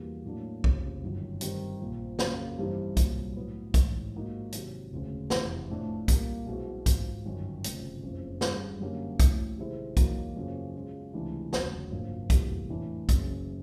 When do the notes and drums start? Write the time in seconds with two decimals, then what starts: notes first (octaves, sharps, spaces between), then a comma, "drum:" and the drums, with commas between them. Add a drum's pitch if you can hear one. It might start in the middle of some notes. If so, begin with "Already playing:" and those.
Already playing: E2 B2 G3 A#3
0.24 A2 F#3 A#3 D4
0.64 F1 D#2 C#3 F3, drum: kick
1.03 G1 F#2 D#3 F#3
1.41 G2 D#3 G3 C4 D#4, drum: hi-hat
1.80 A#1 A#2 F3
2.19 F2 C#3 F#3 A#3, drum: snare
2.58 G2 E3 G3 C4 D#4
2.97 C2 A#2 F#3, drum: kick, hi-hat
3.36 A2 F#3 B3
3.74 A1 G#2 E3, drum: kick, hi-hat
4.14 G#2 F3 A#3 D#4 F#4
4.52 C3 D#3 F#3, drum: hi-hat
4.92 E1 D2 C#3
5.30 F1 E2 C3 F3, drum: snare
5.70 A2 F3 A3 D4
6.08 A#2 G3 A#3, drum: kick, hi-hat
6.46 B1 B2 G#3 C4 E4
6.86 G#1 G#2 F3, drum: kick, hi-hat
7.25 G1 F#2 D#3
7.64 F1 F2 C#3 F3 A3, drum: hi-hat
8.02 F#1 F2 C#3 F3
8.41 G2 D#3 G#3 C#4 F4, drum: snare
8.80 F#2 D3 G3 A#3 C#4
9.20 A1 A2 F#3, drum: kick, hi-hat
9.58 C3 D#3 G#3 C4 E4
9.97 E2 B2 F#3 A#3 D#4, drum: kick, hi-hat
10.36 F#2 C#3 F3 A#3
10.75 B2 G#3 C#4 F4
11.13 C#2 C3 E3 A3 D4
11.53 E1 D2 C#3 F#3, drum: snare
11.92 G#1 F#2 D3 F3 A#3
12.30 F1 E2 B2 G3 A#3, drum: kick, hi-hat
12.69 A2 E3 A3 D4
13.09 F#1 F#2 C#3, drum: kick, hi-hat